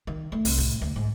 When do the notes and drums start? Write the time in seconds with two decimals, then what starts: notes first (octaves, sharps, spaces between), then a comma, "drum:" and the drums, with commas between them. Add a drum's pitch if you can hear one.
0.07 D#3
0.32 A3
0.45 C2, drum: open hi-hat
0.58 A2
0.81 D2
0.96 G#2